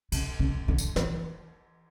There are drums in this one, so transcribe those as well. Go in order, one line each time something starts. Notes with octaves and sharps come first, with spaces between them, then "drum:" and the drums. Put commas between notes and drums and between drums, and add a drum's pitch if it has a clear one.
C#3, drum: cymbal
C#3
D3
drum: tambourine
E3, drum: snare